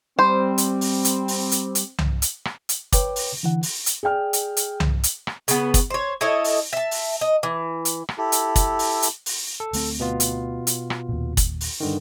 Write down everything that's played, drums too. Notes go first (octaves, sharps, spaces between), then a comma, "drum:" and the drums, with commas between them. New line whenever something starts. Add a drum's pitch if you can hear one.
G3 C4 C5
drum: hi-hat
drum: open hi-hat
drum: hi-hat
drum: open hi-hat
drum: hi-hat
drum: hi-hat
drum: tom C2
drum: hi-hat
drum: rim click
drum: hi-hat
B4 C#5 G5 D6, drum: kick, hi-hat
drum: open hi-hat
D3 E3 F#5
drum: open hi-hat
drum: hi-hat
G#4 D5 G5 F6
drum: hi-hat
drum: hi-hat
drum: tom C2
drum: hi-hat
drum: rim click
C#3 B3, drum: hi-hat
drum: kick, hi-hat
C5 C#5
E4 A4 C#5 D#5
drum: open hi-hat
E5 A5
drum: open hi-hat
D#5
E3
drum: hi-hat
drum: rim click
E4 G4 A4
drum: hi-hat
drum: kick, hi-hat
drum: open hi-hat
drum: hi-hat
drum: open hi-hat
A4
D2 A3 C4, drum: open hi-hat
B2 B3 F4
drum: hi-hat
drum: hi-hat
drum: rim click
D#2 A#2
drum: kick, hi-hat
drum: open hi-hat
G2 D3 D#3